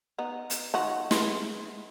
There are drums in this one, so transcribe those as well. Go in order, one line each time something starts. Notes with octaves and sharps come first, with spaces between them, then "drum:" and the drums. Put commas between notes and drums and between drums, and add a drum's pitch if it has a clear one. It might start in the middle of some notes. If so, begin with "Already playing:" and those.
B3 D#4
drum: hi-hat
D#3 F4 F#4
G#3 E4 B4, drum: snare